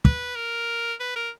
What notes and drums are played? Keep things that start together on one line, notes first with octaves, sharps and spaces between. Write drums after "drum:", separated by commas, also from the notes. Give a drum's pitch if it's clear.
B4, drum: kick
A#4
B4
A#4